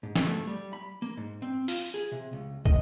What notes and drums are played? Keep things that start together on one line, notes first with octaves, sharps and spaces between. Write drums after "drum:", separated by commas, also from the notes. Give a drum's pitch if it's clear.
G#2
drum: snare
A3
G3
B5
A#3
G#2
C4
F4, drum: open hi-hat
G#4
C3
C#2
D#5, drum: kick